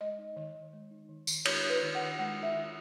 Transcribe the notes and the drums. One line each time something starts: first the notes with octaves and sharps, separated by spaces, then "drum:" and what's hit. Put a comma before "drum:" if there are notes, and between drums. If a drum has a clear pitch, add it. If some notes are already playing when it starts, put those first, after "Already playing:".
G#3 D#5
D#4
D#3
D#3
G#3
D#4
D#3
D#3, drum: tambourine
G#3 C#5, drum: cymbal
D#4
B4
D#3
F#5
D#3
G#3 F#5
D#4
E5
D#3